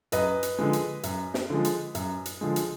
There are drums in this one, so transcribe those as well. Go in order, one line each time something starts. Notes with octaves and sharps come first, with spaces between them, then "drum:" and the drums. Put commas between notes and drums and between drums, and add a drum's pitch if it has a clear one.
F#2 B4 D#5, drum: hi-hat
drum: hi-hat
D3 F3 G#3
drum: hi-hat
F#2, drum: hi-hat
drum: snare
D3 F3 G#3
drum: hi-hat
F#2, drum: hi-hat
drum: hi-hat
D3 F3 G#3
drum: hi-hat